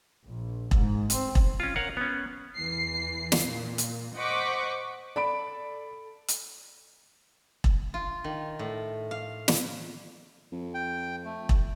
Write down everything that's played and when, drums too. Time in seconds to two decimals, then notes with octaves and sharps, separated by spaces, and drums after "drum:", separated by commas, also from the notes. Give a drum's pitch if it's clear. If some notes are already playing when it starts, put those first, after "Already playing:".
0.25 A#1
0.71 G#2, drum: kick E1
1.10 C4, drum: hi-hat
1.35 drum: kick E1
1.60 C#4 F4
1.76 A#4 C#5 F5 F#5
1.97 B3 C#4
2.57 E2 E3 C7
3.32 drum: snare
3.48 A#2
3.78 drum: hi-hat
4.15 C5 D#5 F#5 C#6 D6 B6
5.16 A4 D5 B5 D7
6.28 drum: hi-hat
7.64 drum: kick E1
7.94 F4
8.24 D#3
8.59 A2
9.11 F5
9.48 drum: snare
10.52 F2
10.74 G5
11.25 A3
11.49 drum: kick E1